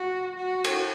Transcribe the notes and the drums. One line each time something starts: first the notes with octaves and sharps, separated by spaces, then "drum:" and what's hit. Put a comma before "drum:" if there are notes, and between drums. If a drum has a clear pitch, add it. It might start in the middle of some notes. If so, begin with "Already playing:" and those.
Already playing: F#4
F#4
drum: cymbal